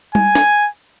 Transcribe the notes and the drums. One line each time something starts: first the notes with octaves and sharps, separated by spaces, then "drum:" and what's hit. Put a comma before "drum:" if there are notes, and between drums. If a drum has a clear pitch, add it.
G#5, drum: tom G3
drum: snare